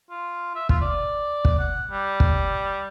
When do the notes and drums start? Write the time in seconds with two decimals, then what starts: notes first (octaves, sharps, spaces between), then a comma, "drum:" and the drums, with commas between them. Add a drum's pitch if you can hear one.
0.11 F4
0.56 E5
0.69 F4, drum: kick
0.81 D5
1.45 drum: kick
1.59 F#5
1.91 G3
2.20 drum: kick